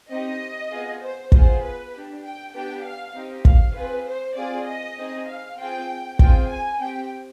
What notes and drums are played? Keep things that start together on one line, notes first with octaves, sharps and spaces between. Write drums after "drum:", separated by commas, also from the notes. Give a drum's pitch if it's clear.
C4 D#4 G4 D#5
B3 F4 G#4
C5
B3 F4 G#4 C5, drum: kick
B4
D4 G4
G5
B3 D4 G4 G5
F5
C4 D#4 G4
F5, drum: kick
C4 F4 G#4 B4
C5
C4 F4 G#4 D5
D#5
C4 D#4 G#4
F5
C4 F4 G#4 G5
C4 F4 G#4 G5, drum: kick
G#5
C4 G4 G5